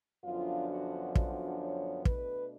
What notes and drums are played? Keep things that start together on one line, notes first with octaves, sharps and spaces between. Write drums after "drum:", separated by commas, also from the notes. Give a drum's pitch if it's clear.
F#2 D3 F3 B3 D4 F4
F#4
F#4, drum: kick
C#5
B2 A3 D4 B4, drum: kick